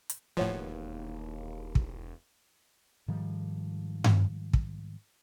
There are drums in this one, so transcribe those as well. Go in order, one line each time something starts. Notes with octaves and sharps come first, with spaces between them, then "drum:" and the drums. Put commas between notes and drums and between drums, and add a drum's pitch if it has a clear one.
drum: hi-hat
E1 D#2 A2 F3 B4 C#5 F#5
drum: kick
G#2 D#3 F3 G3
drum: tom G2
drum: kick